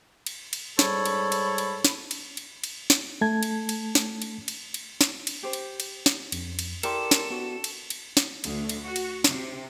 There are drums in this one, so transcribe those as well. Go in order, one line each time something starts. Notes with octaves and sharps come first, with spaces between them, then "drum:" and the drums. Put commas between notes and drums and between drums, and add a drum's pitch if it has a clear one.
drum: cymbal
drum: cymbal
G#2 G3 A4 C#5 B5, drum: snare
drum: cymbal
drum: cymbal
drum: cymbal
drum: snare
drum: cymbal
drum: cymbal
drum: cymbal
drum: snare
A3 A5 G#6
drum: cymbal
drum: cymbal
drum: snare
drum: cymbal
drum: cymbal
drum: cymbal
drum: snare
drum: cymbal
G4 C5
drum: cymbal
drum: cymbal
drum: snare
F2, drum: cymbal
drum: cymbal
E4 G4 A4 A#4 D5 C6, drum: cymbal
drum: snare
B3 F#4
drum: cymbal
drum: cymbal
drum: snare
D2, drum: cymbal
drum: cymbal
F#4
drum: cymbal
C3, drum: snare